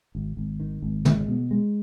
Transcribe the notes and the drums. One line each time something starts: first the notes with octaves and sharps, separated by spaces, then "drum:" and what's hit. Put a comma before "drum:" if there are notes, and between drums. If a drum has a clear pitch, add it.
G#1
G#1
D#3
G#1
G#3, drum: tom
B2
G#3